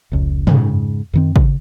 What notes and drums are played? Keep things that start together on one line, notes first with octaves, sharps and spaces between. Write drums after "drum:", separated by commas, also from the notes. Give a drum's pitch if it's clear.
F1 C#2
G#2 C#3, drum: tom
F#2 D#3 C4
C#3, drum: kick